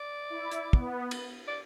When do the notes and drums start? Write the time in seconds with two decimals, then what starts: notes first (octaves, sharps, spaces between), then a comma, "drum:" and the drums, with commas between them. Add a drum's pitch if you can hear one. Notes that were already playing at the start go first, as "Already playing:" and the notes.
Already playing: D5
0.30 E4
0.51 drum: hi-hat
0.73 B3, drum: kick
1.11 drum: cymbal
1.48 D5